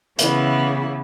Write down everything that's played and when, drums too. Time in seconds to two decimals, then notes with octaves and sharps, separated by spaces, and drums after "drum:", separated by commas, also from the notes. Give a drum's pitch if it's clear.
0.19 C#3 E3 B3 E4, drum: hi-hat